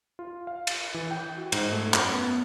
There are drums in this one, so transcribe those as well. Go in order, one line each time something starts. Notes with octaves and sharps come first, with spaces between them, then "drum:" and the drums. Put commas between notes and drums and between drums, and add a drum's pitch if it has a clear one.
F4
F5
A6, drum: cymbal
E3
G5
F#4
G#2, drum: cymbal
A3
F#2, drum: clap
B3